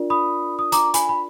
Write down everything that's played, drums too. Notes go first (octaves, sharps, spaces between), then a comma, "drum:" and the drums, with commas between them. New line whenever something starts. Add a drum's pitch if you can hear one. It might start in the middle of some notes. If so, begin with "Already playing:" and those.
Already playing: D4 F4 A#4 D5
B5 D#6
D#6
A#5 D6, drum: hi-hat
G#5 B5, drum: hi-hat
B5